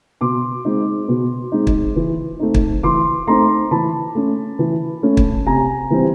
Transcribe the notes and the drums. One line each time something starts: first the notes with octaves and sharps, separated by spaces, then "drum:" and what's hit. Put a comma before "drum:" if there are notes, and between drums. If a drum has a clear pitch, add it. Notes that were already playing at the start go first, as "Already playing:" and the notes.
B2 C6 D6
G#3 C4 D#4
B2
G#3 C4 D#4
drum: kick
E3
A3 C4 D#4
drum: kick
E3 C6 D6
A3 C4 D#4 A#5 C6
E3 A5 B5
A3 C#4
E3
A3 C#4
drum: kick
C3 G#5 A#5
E3 G3 C4